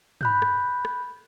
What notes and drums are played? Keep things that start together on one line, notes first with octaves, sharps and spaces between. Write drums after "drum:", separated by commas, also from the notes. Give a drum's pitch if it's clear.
B5 F#6 G6, drum: tom
drum: rim click
drum: rim click